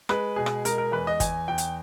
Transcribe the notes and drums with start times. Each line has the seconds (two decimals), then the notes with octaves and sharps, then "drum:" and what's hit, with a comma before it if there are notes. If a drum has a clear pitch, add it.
0.09 G#3 B4, drum: rim click
0.36 B2 G#4
0.46 drum: rim click
0.65 G#3 A#4, drum: hi-hat
0.78 A#4
0.92 E2 B4
1.07 D#5
1.20 E2 G#5, drum: kick, hi-hat
1.48 E2 G5
1.58 drum: hi-hat